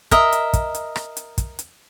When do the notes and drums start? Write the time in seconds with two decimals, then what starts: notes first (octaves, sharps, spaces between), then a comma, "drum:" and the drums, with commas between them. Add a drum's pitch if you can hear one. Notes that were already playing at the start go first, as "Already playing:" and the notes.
0.11 A#4 D#5 E5, drum: kick, hi-hat
0.32 drum: hi-hat
0.53 drum: kick, hi-hat
0.75 drum: hi-hat
0.96 drum: rim click
1.17 drum: hi-hat
1.38 drum: kick, hi-hat
1.59 drum: hi-hat